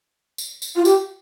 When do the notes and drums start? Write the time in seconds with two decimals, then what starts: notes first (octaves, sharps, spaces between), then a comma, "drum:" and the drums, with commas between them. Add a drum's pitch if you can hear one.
0.38 drum: tambourine
0.62 drum: tambourine
0.76 F4
0.85 G4, drum: tambourine